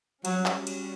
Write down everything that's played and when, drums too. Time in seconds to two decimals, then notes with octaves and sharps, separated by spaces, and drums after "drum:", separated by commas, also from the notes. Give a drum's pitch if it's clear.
0.25 F#3 G3 C#4 F#4, drum: cymbal
0.46 drum: clap
0.67 drum: cymbal